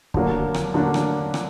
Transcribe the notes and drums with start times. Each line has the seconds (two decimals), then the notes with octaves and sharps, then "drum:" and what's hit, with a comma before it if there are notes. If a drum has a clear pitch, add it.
0.14 D3 F#3 A#3 D4, drum: kick
0.54 drum: rim click
0.74 D3 F#3 A#3 D4
0.94 drum: rim click
1.34 drum: rim click